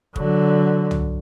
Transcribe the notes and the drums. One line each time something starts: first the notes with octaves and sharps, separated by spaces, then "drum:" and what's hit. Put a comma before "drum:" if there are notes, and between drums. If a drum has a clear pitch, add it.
D3 F#3, drum: kick
drum: tom